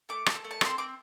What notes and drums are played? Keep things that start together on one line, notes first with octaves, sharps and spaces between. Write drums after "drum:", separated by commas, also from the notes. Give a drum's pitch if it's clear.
A3 D6
C4 A4, drum: rim click
A3
A5
C4 A4 C6, drum: rim click
C4 D6